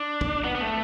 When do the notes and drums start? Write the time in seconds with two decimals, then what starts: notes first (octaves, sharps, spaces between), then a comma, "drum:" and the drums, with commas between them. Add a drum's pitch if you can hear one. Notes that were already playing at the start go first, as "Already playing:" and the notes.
Already playing: D4
0.21 drum: kick
0.45 B3
0.55 B3
0.61 A3